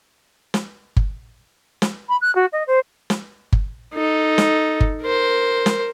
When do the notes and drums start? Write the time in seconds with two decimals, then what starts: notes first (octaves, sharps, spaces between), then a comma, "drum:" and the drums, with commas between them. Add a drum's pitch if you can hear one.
0.54 drum: snare
0.96 drum: kick G1
1.82 drum: snare
2.09 B5
2.21 F#6
2.35 F#4
2.52 D#5
2.67 C5
3.10 drum: snare
3.52 drum: kick G1
3.94 D#4 A4
4.38 drum: snare
4.80 drum: kick G1
5.02 A#4 C5
5.66 drum: snare